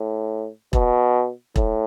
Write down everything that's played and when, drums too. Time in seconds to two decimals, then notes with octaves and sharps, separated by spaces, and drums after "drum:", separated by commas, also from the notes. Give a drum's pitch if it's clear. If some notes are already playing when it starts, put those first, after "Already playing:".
Already playing: A2
0.73 B2, drum: kick E1
1.56 A2, drum: kick E1